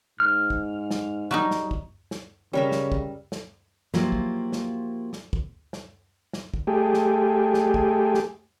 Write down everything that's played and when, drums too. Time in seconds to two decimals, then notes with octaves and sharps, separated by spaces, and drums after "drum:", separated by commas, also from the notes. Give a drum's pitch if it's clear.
0.20 G#2 F6
0.50 drum: kick
0.91 drum: snare
1.31 F#3 G3 D#4
1.51 drum: snare
1.71 drum: kick
2.11 drum: snare
2.53 C#3 G3 C#4 A#4 E5
2.72 drum: snare
2.92 drum: kick
3.32 drum: snare
3.94 F3 F#3 A#3 E4 F4 G4, drum: snare
4.12 drum: kick
4.52 drum: snare
5.13 drum: snare
5.33 drum: kick
5.73 drum: snare
6.33 drum: snare
6.54 drum: kick
6.67 A3 G4 G#4
6.94 drum: snare
7.54 drum: snare
7.74 drum: kick
8.14 drum: snare